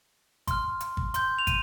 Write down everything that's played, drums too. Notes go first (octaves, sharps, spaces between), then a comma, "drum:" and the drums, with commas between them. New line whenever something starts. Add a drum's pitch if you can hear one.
C6 F6, drum: kick, hi-hat
drum: hi-hat
drum: kick
C6 G6, drum: hi-hat
F7
D#7, drum: kick, hi-hat